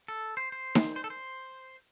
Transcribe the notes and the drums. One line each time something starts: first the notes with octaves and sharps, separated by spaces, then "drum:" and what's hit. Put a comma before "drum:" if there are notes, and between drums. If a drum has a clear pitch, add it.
A4
C5
C5
drum: snare D#4
C5
A4
C5